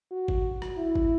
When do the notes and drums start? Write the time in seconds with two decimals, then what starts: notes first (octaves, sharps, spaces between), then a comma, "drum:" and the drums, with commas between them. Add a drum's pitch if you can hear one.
0.11 F#4
0.28 drum: kick G#1
0.62 drum: rim click
0.78 E4
0.95 drum: kick G#1